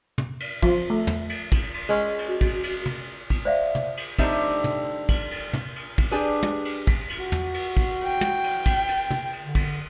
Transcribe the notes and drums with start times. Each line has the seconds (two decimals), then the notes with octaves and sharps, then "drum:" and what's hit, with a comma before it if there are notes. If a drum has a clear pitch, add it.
0.18 drum: tom
0.40 drum: cymbal
0.63 F3, drum: kick, cymbal
0.90 A3
1.07 drum: tom
1.29 drum: cymbal
1.52 drum: kick, cymbal
1.74 drum: cymbal
1.89 G#3 C#4
2.19 drum: cymbal
2.28 F#4
2.41 drum: kick, cymbal
2.63 drum: cymbal
2.86 drum: tom
3.30 drum: kick, cymbal
3.45 C5 D5 E5 F5
3.75 drum: tom
3.97 drum: cymbal
4.19 D3 G3 A3 C4 D#4 E5, drum: kick, cymbal
4.64 drum: tom
5.09 drum: kick, cymbal
5.31 drum: cymbal
5.53 drum: tom
5.76 drum: cymbal
5.98 drum: kick, cymbal
6.11 D4 G4 G#4 B4
6.43 drum: tom
6.65 drum: cymbal
6.87 drum: kick, cymbal
7.10 drum: cymbal
7.19 F#4
7.32 drum: tom
7.54 drum: cymbal
7.77 drum: kick, cymbal
8.04 G5
8.21 drum: tom
8.44 drum: cymbal
8.66 drum: kick, cymbal
8.88 drum: cymbal
9.11 drum: tom
9.33 drum: cymbal
9.42 D3
9.55 drum: kick, cymbal